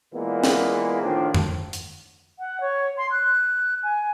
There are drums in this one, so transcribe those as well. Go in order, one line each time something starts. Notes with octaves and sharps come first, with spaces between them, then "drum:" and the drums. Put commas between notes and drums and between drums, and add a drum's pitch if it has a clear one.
A#2 E3 G#3 A#3 B3
drum: snare
A2 D#3 F3 D4
drum: tom F2
drum: hi-hat
F#5
C#5
C6
F#6
G#5